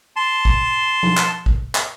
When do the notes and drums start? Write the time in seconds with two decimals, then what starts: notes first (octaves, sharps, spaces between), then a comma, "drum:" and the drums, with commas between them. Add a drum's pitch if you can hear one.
0.16 A5 C6
0.45 drum: kick
1.03 drum: tom F3
1.17 drum: clap
1.46 drum: kick
1.75 drum: clap